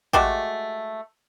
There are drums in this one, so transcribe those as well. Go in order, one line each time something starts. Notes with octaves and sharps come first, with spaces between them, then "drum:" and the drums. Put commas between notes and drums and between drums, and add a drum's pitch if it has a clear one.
G#3 A3 F#4 G4, drum: kick